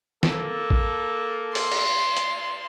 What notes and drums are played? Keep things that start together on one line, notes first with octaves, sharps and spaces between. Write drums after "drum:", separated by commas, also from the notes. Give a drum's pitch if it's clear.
A#3 A4, drum: snare
drum: kick
C6, drum: open hi-hat
drum: cymbal
drum: hi-hat